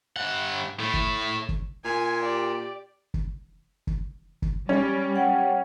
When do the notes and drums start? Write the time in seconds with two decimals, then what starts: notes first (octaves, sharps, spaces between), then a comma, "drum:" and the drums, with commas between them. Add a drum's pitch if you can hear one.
0.16 G2 F#5
0.79 A2 A3
0.94 drum: kick
1.49 drum: kick
1.85 A#2 G#5
2.22 G4 D5
3.14 drum: kick
3.87 drum: kick
4.42 drum: kick
4.69 G3 C#4
5.15 F#5 G5